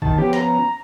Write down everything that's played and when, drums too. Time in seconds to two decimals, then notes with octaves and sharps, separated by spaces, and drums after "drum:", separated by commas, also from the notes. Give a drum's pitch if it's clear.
0.02 D#2 D#3 A5, drum: kick
0.18 F3 B3 C#4 G4
0.33 A#5, drum: snare